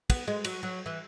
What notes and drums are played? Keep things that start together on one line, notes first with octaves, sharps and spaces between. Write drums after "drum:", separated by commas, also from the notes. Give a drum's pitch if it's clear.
B3, drum: kick, cymbal
G#3
F#3, drum: cymbal
F#3
E3